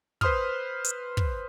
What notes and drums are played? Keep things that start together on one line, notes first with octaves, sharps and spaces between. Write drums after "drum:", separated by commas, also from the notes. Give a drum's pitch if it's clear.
B4 C5 C6 D#6 F6, drum: kick
drum: hi-hat
drum: kick